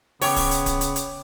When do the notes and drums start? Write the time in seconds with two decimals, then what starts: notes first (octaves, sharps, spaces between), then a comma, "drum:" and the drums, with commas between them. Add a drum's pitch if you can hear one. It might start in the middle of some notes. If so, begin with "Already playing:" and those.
0.21 C#3 B3 C#5 G5 D6, drum: open hi-hat
0.36 drum: kick D1, open hi-hat
0.51 drum: hi-hat
0.66 drum: kick D1, hi-hat
0.81 drum: hi-hat
0.96 drum: hi-hat